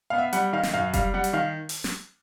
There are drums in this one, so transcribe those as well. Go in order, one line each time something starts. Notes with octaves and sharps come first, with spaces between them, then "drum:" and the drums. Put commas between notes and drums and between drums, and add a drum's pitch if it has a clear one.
B3 F5
E5
G3 F#5, drum: hi-hat
D#3 F5
drum: snare
F#2 F5
G3 F5, drum: kick F1, hi-hat
G3 F#5
drum: hi-hat
D#3 F5
drum: open hi-hat
drum: snare